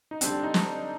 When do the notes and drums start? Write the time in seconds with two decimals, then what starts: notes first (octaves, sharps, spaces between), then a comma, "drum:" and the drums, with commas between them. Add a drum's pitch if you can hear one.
0.11 D#4
0.21 D3 G3 C4 D4, drum: hi-hat
0.32 D4
0.43 D#4
0.54 drum: snare